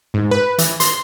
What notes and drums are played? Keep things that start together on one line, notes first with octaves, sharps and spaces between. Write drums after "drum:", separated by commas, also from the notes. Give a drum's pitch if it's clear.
G#2
B4
E3, drum: hi-hat
C6, drum: hi-hat